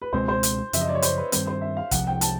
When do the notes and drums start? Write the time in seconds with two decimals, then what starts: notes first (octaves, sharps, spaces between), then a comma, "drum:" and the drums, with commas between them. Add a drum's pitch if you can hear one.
0.02 B4
0.13 C#2 B2 G#3 C4 C5
0.28 C5
0.43 drum: hi-hat
0.73 F#2 C#3 F3 E5, drum: hi-hat
0.81 D#5
0.89 D5
0.95 C#5
1.02 C5, drum: hi-hat
1.17 B4
1.32 G2 D#3 G3 C4 C5, drum: hi-hat
1.47 C5
1.61 E5
1.77 F5
1.91 C2 C3 F3 F#5, drum: kick, hi-hat
2.07 G5
2.21 A5, drum: hi-hat